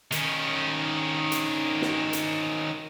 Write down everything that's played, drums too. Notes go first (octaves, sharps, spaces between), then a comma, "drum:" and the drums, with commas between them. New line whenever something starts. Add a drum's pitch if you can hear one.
D#3 C#4, drum: hi-hat
drum: hi-hat
drum: snare
drum: hi-hat